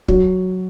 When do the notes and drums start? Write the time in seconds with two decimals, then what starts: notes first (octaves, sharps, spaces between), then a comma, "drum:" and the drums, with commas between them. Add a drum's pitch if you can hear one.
0.08 F#3, drum: kick